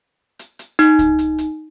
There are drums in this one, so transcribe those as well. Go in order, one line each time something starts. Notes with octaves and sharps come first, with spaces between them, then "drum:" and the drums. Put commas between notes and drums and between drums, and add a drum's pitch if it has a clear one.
drum: hi-hat
drum: hi-hat
D#4, drum: hi-hat
drum: kick C#2, hi-hat
drum: hi-hat
drum: hi-hat